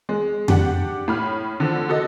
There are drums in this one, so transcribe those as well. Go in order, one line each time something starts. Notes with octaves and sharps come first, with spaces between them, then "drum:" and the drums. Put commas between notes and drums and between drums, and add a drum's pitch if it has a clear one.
G#3
D4 G4 F#5, drum: tom F2
A2 B5 F6
D3 F3
F#4 A4 D#5